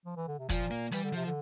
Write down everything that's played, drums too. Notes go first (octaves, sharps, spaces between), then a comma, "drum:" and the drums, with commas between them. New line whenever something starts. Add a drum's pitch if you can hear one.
F3
E3
D3
C3
A#2 F3, drum: kick, hi-hat
A#3
E3 G3, drum: hi-hat
D3
C3 F3
D3